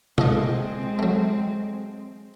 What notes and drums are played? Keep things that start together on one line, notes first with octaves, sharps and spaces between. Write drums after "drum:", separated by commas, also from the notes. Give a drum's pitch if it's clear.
G#3 C4 F4 A4 D#5, drum: tom
F#3 A3